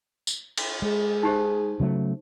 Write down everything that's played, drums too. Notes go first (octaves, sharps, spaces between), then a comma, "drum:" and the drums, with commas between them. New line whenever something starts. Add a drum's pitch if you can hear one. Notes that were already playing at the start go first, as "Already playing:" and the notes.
drum: tambourine
drum: cymbal
G#3 G#4
D#4 G4 C5
C#3 F#3 A3